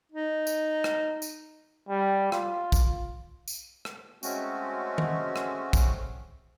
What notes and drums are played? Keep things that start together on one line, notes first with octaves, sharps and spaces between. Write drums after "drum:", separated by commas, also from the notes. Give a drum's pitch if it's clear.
D#4
drum: tambourine
drum: rim click
drum: tambourine
G3
F4, drum: rim click
drum: kick, tambourine
drum: tambourine
drum: rim click
G#3 A3 C4 C#4 F#4, drum: tambourine
drum: tom D#3
drum: rim click
drum: kick, tambourine